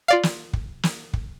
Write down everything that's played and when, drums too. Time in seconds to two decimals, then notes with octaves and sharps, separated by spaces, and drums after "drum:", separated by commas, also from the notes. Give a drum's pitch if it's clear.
0.08 F4 D5 F5
0.23 drum: snare
0.53 drum: kick
0.83 drum: snare
1.13 drum: kick